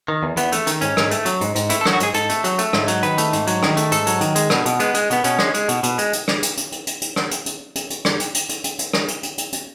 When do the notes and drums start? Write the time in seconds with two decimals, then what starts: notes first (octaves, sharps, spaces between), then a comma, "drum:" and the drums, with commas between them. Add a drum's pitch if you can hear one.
0.08 D#3
0.23 E2
0.37 E2 B3, drum: hi-hat
0.52 A3, drum: hi-hat
0.67 D#3, drum: hi-hat
0.81 G#2 C#4, drum: hi-hat
0.97 G#2, drum: rim click
1.11 A3, drum: hi-hat
1.25 F#3, drum: hi-hat
1.41 G#2, drum: hi-hat
1.55 G#2, drum: hi-hat
1.70 A3 E4, drum: hi-hat
1.81 A4
1.86 F#3, drum: rim click
1.93 F#4
2.00 G#2 G#4, drum: hi-hat
2.14 G#2 A4, drum: hi-hat
2.29 A3, drum: hi-hat
2.44 F#3, drum: hi-hat
2.58 A3, drum: hi-hat
2.73 G#2, drum: rim click
2.88 F#3, drum: hi-hat
3.03 D#3 B4, drum: hi-hat
3.18 A3, drum: hi-hat
3.33 G#2, drum: hi-hat
3.47 F#3, drum: hi-hat
3.63 D#3, drum: rim click
3.77 A3, drum: hi-hat
3.92 G#2 A4, drum: hi-hat
4.07 F#3, drum: hi-hat
4.21 D#3, drum: hi-hat
4.35 G#3, drum: hi-hat
4.50 B2, drum: rim click
4.66 B2, drum: hi-hat
4.80 G#3 B3, drum: hi-hat
4.94 G#3, drum: hi-hat
5.10 B2 B3, drum: hi-hat
5.24 B2 C#4, drum: hi-hat
5.39 G#3, drum: rim click
5.54 G#3, drum: hi-hat
5.69 B2, drum: hi-hat
5.83 B2, drum: hi-hat
5.98 G#3, drum: hi-hat
6.13 drum: hi-hat
6.28 drum: rim click
6.43 drum: hi-hat
6.57 drum: hi-hat
6.72 drum: hi-hat
6.87 drum: hi-hat
7.02 drum: hi-hat
7.16 drum: rim click
7.31 drum: hi-hat
7.46 drum: hi-hat
7.75 drum: hi-hat
7.90 drum: hi-hat
8.05 drum: rim click
8.20 drum: hi-hat
8.34 drum: hi-hat
8.49 drum: hi-hat
8.64 drum: hi-hat
8.79 drum: hi-hat
8.93 drum: rim click
9.08 drum: hi-hat
9.23 drum: hi-hat
9.38 drum: hi-hat
9.53 drum: hi-hat